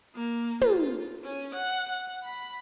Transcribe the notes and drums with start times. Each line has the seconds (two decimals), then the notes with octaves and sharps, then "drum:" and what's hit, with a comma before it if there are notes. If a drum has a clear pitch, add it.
0.15 A#3
0.61 F4, drum: tom
1.24 C#4
1.54 F#5
1.89 F#5
2.23 B5